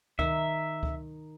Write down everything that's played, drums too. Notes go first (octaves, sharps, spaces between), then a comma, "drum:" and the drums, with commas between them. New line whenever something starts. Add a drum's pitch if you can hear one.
D#3 E5, drum: kick C#2
drum: kick C#2